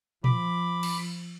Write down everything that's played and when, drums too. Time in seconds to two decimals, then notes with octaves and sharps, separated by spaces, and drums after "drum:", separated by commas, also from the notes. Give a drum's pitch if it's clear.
0.24 F3 B5 D6, drum: tom A#2
0.83 drum: cymbal